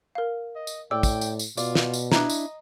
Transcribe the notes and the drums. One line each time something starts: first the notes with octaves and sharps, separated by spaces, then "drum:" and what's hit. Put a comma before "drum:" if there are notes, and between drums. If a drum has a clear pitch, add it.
A#4 F5
D#5
drum: tambourine
A2 D5 G5 E6
drum: kick, tambourine
drum: tambourine
drum: tambourine
B2 F4 D5, drum: tambourine
drum: snare
drum: tambourine
D4 E4 D#5 A#5, drum: snare
drum: tambourine